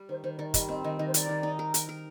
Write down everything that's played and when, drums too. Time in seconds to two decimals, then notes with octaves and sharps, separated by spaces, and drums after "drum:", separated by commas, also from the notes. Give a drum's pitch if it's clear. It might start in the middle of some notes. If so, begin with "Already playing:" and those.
Already playing: G3
0.09 D#3 C5
0.24 D#3 C5
0.38 D#3 D5
0.54 G3 D#5, drum: kick, hi-hat
0.68 C4 D#5
0.84 D#3 D#5
0.99 D#3 D#5
1.08 C5
1.14 A#4 D5, drum: hi-hat
1.29 D#3
1.43 D#4
1.59 A#4
1.74 A#4, drum: hi-hat
1.89 A#4